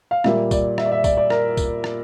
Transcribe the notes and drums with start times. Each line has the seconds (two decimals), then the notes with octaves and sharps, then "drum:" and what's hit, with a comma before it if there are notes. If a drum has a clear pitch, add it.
0.11 F5
0.24 A#2 G3 A#3 E5, drum: rim click
0.51 D5, drum: kick, tambourine
0.78 E5, drum: rim click
0.86 D5
0.92 E5
1.04 D5, drum: kick, tambourine
1.17 D5
1.30 A#4, drum: rim click
1.57 drum: kick, tambourine
1.84 drum: rim click